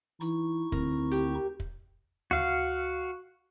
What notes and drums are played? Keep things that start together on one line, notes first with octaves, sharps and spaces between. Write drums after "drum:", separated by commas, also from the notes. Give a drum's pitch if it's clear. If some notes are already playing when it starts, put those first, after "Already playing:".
E3 D#4 E4 C#6, drum: hi-hat
D2 D3 D#3 C4 A#4, drum: kick
G4, drum: hi-hat
drum: kick
F#4 F5, drum: tom D2